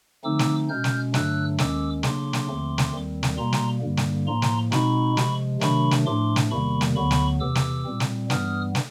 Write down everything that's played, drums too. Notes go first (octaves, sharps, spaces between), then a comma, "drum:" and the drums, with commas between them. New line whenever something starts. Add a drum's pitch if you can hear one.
D3 F3 A3 C4 D#4 D6 E6
drum: snare
B2 G#3 C#4 F6 G6
drum: snare
G2 D3 F#3 A3 D4 E6 F#6, drum: snare
D#2 D#3 G#3 C#4 D6 E6, drum: snare
C#3 F#3 A#3 D4 C6 D6, drum: snare
drum: snare
D#2 D3 F3 A3 C4
drum: snare
D#2 D#3 G3 C4
drum: snare
B2 G3 A#3 A#5 C6
drum: snare
G2 D3 G3 A#3
drum: snare
A2 F3 A#3 A#5 C6
drum: snare
B2 G#3 C4 D#4 B5 C#6, drum: snare
C3 F3 G#3, drum: snare
C3 D#3 F#3 A3 D4 B5 C#6, drum: snare
drum: snare
A2 F3 A3 D4 C6 D6
drum: snare
E2 C3 D#3 G3 A#3 B5 C#6
drum: snare
D2 D3 F#3 B3 B5 C#6
drum: snare
E2 C3 E3 D6 E6
drum: snare
A#2 G3 C4
drum: snare
G2 E3 G3 B3 D#6 F6, drum: snare
drum: snare